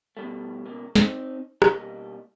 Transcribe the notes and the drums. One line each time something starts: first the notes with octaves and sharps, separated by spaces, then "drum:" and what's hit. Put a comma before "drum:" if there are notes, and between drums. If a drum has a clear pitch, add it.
B2 G3 A3
C#2 B2 A#3
C4 D#4, drum: snare
B2 G3 A#3 D#5, drum: rim click